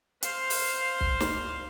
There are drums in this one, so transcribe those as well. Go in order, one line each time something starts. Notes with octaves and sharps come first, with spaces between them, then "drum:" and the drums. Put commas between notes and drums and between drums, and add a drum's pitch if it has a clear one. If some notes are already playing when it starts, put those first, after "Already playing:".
C5 F5, drum: hi-hat
drum: open hi-hat
drum: kick
drum: snare